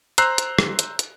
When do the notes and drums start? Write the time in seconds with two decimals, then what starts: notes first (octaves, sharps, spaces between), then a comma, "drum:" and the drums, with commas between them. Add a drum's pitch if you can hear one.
0.18 C5 A#5 E6 F#6 C7, drum: hi-hat
0.38 drum: hi-hat
0.59 drum: rim click
0.79 drum: hi-hat
0.99 drum: hi-hat